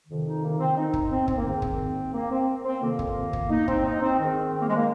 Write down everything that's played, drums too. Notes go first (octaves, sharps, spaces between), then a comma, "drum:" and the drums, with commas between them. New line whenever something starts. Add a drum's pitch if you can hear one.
F2 C3 D#3
D#4
A#3
C4
D#4
drum: kick
C4
C4, drum: kick
A#3
G#2 D#3 C4
drum: kick
A#3
C4
C4
F2 C3 D#3 A#3
drum: kick
drum: kick
D#4
C4, drum: kick
D#4
C4
G#2 D#3 C4
C4
A#3
G#3
A#3